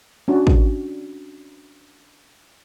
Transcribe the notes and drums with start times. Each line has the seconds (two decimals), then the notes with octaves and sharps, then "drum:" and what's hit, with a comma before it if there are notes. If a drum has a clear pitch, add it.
0.28 C#4 D4 F#4
0.47 drum: kick